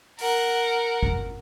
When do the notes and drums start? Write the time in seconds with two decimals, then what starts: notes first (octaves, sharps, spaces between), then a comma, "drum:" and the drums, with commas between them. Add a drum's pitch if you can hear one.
0.18 A#4 F#5, drum: open hi-hat
1.03 drum: kick G1